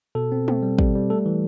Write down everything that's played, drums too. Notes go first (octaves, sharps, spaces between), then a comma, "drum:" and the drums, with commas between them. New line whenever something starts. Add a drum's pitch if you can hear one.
B2 A4
C4
C4, drum: tom G#3
G3
G3, drum: kick
G3
A3 A4
E3